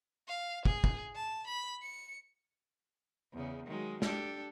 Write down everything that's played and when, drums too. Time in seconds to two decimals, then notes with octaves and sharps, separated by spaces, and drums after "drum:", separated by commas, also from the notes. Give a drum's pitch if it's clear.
0.28 F5
0.65 G#4, drum: kick
0.84 drum: kick
1.15 A5
1.47 B5
1.83 C#7
3.33 E2 C#3
3.66 D#3 F#3 G#3
4.02 D4 G4 A4, drum: snare